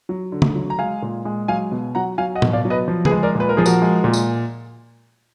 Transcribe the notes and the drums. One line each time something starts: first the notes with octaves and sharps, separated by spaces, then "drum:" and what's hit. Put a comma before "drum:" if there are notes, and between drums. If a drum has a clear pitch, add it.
F#3
D3
drum: tom C#3
F#3
A#5
G#3 F5 G#5
A#2
G#3
F#3 F5 G#5
B2
F#3 F#5 A#5
F#3 F5 G#5
D#5 F#5
B2, drum: tom A2
D5 F5
F#3
B4 D#5
F3
G#4 B4, drum: tom C#3
G#3
A#4 D5
A#2
B4
A#4
F3 G#4
F#4 A#4, drum: tambourine
G#3
A#2
drum: tambourine